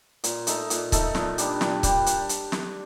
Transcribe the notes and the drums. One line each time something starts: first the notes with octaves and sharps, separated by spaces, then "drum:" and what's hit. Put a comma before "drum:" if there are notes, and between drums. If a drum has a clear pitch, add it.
A#2, drum: hi-hat
A3 D#4 A4, drum: hi-hat
A#2, drum: hi-hat
A3 D#4 A4, drum: kick C#1, hi-hat
A#2, drum: snare
G3 D4 G4, drum: hi-hat
A#2, drum: snare
G3 D4 G4, drum: kick C#1, hi-hat
drum: hi-hat
drum: hi-hat
drum: snare